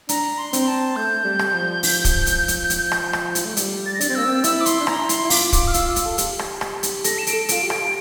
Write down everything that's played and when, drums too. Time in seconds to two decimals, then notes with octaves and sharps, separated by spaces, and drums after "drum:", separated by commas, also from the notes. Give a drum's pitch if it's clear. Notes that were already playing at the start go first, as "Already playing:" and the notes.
0.09 D4 A#5, drum: hi-hat
0.38 C6
0.53 C4, drum: hi-hat
0.67 A5
0.96 A3 G6
1.25 G3
1.39 drum: rim click
1.54 F3
1.83 drum: open hi-hat
2.05 drum: kick, hi-hat
2.26 drum: hi-hat
2.48 drum: hi-hat
2.70 drum: hi-hat
2.92 drum: rim click
3.13 drum: rim click
3.35 drum: hi-hat
3.45 A3
3.57 G3, drum: hi-hat
3.86 A6
3.94 A#6
4.01 D4 A6, drum: hi-hat
4.09 C4
4.15 A#3 E6
4.26 C4
4.44 E4 E6, drum: hi-hat
4.61 D6
4.66 C6, drum: hi-hat
4.81 D4
4.87 E4 A#5, drum: rim click
5.09 C6, drum: hi-hat
5.25 E4
5.30 F4 D6, drum: open hi-hat
5.53 D6, drum: kick, hi-hat
5.67 F6
5.74 F4 E6, drum: hi-hat
5.96 drum: hi-hat
6.05 A4
6.18 G4, drum: hi-hat
6.39 drum: rim click
6.61 drum: rim click
6.83 drum: hi-hat
7.04 A4 A#6, drum: hi-hat
7.18 E7
7.27 D7, drum: hi-hat
7.33 A4
7.49 F4 D7, drum: hi-hat
7.63 G4
7.70 D7, drum: rim click